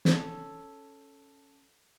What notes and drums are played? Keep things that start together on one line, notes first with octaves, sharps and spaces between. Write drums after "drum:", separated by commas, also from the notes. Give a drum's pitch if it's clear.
C#4 A4, drum: snare